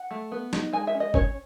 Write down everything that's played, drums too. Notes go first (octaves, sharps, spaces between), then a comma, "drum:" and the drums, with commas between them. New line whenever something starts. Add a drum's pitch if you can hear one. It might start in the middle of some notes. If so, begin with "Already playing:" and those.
Already playing: F#5
A3
B3
D#4, drum: snare
G#3 G#5
E5
C#4
D#5
C#4 C#5, drum: kick